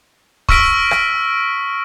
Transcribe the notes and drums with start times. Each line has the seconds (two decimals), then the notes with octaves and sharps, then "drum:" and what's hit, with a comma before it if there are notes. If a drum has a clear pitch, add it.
0.49 C#6 E6 F6 A#6 B6 D7, drum: kick
0.91 drum: rim click